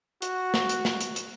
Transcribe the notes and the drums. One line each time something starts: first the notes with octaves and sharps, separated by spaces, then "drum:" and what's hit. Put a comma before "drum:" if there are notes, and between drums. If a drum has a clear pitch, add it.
F#4, drum: hi-hat
drum: snare
drum: hi-hat
drum: snare
drum: hi-hat
drum: hi-hat